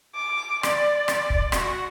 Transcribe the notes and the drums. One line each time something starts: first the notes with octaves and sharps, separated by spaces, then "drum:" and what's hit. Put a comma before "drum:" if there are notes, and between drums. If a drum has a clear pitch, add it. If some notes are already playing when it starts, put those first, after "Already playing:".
D6
D5, drum: rim click
drum: rim click
drum: kick
F#4, drum: rim click